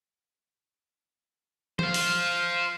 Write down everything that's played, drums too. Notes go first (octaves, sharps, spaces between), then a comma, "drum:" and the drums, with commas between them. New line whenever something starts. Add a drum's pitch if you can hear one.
C5 F5, drum: tom
drum: open hi-hat